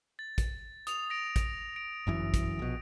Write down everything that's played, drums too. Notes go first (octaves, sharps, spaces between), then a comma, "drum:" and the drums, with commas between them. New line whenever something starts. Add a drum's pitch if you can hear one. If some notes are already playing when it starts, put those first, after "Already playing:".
A6
drum: kick, hi-hat
D#6 F7, drum: hi-hat
A#6 D7
drum: kick, hi-hat
D7
G1 F#2 E3
drum: kick, hi-hat
A#1 B2